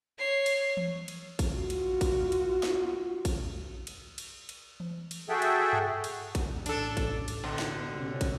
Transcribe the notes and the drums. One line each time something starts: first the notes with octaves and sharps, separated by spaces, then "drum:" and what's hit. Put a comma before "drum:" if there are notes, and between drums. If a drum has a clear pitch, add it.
C#5 C7
drum: cymbal
drum: tom E3
drum: cymbal
drum: kick, cymbal
F4 F#4
drum: cymbal
drum: kick, cymbal
drum: cymbal
drum: snare
drum: kick, cymbal
drum: cymbal
drum: cymbal
drum: cymbal
drum: tom E3
drum: cymbal
F#4 G#4 A4 E5 G5
drum: cymbal
drum: tom G2
drum: cymbal
drum: kick, cymbal
A1 D4 A4, drum: cymbal
drum: kick, cymbal
drum: cymbal
B2 D3
drum: snare
C3 C#4
drum: kick, cymbal